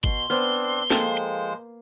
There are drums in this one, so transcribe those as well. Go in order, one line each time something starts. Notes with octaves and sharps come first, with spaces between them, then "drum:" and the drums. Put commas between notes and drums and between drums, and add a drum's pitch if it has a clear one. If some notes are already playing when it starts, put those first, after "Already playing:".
B2 C6, drum: kick
B3 C4 D4 C5 F6
F3 G#3 A#3 A4 C5 G5, drum: snare